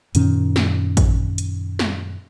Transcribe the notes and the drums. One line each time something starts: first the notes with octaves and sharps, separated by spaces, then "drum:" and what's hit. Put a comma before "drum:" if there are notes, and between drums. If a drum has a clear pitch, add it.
F#2 A#2 D#3 C#4, drum: hi-hat
drum: snare
drum: kick A1, hi-hat
drum: hi-hat
drum: snare